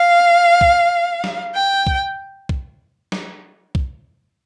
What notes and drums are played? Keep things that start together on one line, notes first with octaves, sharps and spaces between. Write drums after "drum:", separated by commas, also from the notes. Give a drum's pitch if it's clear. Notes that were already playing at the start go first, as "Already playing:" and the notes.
Already playing: F5
drum: kick
drum: snare
G5
drum: kick
drum: kick
drum: snare
drum: kick